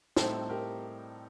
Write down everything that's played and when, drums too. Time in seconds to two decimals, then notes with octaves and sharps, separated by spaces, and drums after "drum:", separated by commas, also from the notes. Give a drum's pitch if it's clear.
0.16 A2 G3 C4 D#4 A4 C5, drum: snare
0.49 G4 A#4